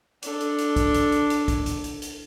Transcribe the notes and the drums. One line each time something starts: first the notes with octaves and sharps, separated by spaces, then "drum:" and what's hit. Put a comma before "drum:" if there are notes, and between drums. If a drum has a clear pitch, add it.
D4 A4, drum: hi-hat
drum: hi-hat
drum: hi-hat
drum: kick, hi-hat
drum: hi-hat
drum: hi-hat
drum: hi-hat
drum: kick, hi-hat
drum: hi-hat
drum: hi-hat
drum: hi-hat